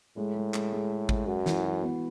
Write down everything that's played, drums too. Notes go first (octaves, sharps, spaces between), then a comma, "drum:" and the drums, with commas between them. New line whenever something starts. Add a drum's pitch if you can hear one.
A2 G#3
G#3
G#3, drum: clap
G#3
A4
G#3, drum: kick G#1
F#2 F#4
E3, drum: snare
F#4
B3